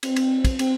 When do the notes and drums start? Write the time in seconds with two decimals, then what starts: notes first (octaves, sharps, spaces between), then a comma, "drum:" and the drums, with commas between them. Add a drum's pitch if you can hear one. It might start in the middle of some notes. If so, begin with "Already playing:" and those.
0.03 C4, drum: cymbal
0.16 drum: cymbal
0.45 drum: kick, cymbal
0.59 C4, drum: cymbal